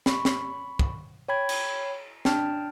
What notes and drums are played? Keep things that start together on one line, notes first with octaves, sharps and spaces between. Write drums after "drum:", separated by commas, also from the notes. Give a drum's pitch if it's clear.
B5 C#6, drum: snare
drum: snare
drum: kick
C#5 G5 B5 G#6
drum: cymbal
D4 G5 A5 F6, drum: snare